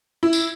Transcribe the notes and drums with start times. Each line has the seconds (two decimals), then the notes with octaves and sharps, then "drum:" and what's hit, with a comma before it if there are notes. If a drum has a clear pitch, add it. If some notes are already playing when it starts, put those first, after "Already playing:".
0.23 E4
0.33 drum: tambourine